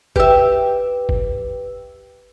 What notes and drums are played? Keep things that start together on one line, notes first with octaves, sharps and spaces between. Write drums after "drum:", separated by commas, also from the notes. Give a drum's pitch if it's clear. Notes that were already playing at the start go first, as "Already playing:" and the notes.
G4 B4 E5 E6, drum: kick
drum: kick